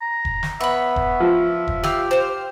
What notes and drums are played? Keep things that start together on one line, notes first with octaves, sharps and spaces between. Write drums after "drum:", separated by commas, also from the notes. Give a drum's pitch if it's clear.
A#5
drum: kick E1
drum: snare
B3 C#5 E5 B5
drum: kick E1
F3
drum: kick E1
G4 F5 E6, drum: snare
C5 F5